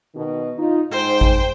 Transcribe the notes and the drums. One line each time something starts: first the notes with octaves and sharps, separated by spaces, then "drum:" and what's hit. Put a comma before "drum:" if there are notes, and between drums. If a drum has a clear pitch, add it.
B2 D#3
D#4 F4
G#2 C5 G5
drum: kick G#1